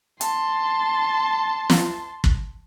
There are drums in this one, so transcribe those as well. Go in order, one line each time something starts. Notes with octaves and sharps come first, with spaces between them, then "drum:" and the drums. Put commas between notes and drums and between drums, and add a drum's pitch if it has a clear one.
A5 C6, drum: hi-hat
drum: snare
drum: kick